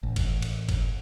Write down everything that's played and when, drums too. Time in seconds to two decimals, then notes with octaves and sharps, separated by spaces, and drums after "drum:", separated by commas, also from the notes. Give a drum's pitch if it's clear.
0.03 A1
0.16 drum: kick G1, cymbal
0.42 drum: cymbal
0.69 drum: kick G1, cymbal